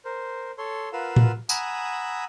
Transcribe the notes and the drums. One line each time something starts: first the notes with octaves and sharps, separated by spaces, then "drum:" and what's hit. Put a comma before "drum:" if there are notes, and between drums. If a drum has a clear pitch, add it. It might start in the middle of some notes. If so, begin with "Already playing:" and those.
A#4 C5
A4 C#5 C6
F4 A#4 B4 F5 F#5 E6
drum: tom A2
F#5 G#5 A#5 B5 D#6 E6, drum: tambourine